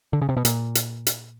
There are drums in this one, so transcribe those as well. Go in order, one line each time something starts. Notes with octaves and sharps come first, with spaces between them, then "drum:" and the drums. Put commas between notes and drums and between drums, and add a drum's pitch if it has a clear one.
D3
C#3
C3
B2
A#2, drum: hi-hat
drum: hi-hat
drum: hi-hat